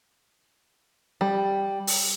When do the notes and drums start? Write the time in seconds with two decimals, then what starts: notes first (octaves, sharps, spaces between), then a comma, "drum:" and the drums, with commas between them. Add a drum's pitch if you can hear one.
1.21 G3
1.87 drum: open hi-hat